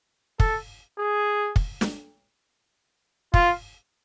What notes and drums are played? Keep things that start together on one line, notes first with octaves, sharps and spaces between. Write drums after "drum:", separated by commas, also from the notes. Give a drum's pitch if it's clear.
A4, drum: kick
G#4
drum: kick
drum: snare
F4, drum: kick